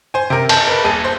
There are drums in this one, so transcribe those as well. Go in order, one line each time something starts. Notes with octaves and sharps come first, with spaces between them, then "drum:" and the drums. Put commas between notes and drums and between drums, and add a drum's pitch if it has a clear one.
C5 G#5
C3 A#4
A5 G6, drum: cymbal
A#4 B4
D#1 G#4 A5 D#7
C5